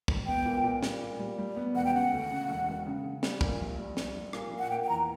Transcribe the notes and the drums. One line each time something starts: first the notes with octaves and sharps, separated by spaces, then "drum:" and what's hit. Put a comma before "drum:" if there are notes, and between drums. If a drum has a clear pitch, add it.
E1, drum: kick
B3 G5
A#2
A#2
G3, drum: snare
A#2
G3
G3
B3
E1 F#5
G5
C#3 F#5
D2
C#3
E1
E1
C#3
C#3
G3, drum: snare
A#2, drum: kick
A#1
G3
G3, drum: snare
A#1
A#2, drum: rim click
A#2
F#5
A#3 G5
G5
E2 A#5